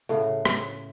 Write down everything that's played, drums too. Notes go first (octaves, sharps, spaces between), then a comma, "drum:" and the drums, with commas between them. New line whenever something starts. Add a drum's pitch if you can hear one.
A2 C#3 F#4
drum: rim click